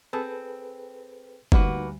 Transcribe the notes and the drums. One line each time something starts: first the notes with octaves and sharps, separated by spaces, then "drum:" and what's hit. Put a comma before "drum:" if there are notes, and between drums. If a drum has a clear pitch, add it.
C4 G#4 A4 B4
D2 G3 A#3 D#4 F#4 B4, drum: kick